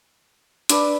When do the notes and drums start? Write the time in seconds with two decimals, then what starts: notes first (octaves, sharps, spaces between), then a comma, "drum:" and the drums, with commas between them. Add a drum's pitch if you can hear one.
0.69 D4 B4 D5 E6, drum: hi-hat